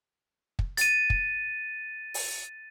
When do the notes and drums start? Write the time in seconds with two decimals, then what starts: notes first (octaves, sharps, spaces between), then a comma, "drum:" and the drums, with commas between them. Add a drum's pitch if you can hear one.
0.59 drum: kick
0.77 A6 D#7, drum: hi-hat
1.10 drum: kick
2.14 drum: open hi-hat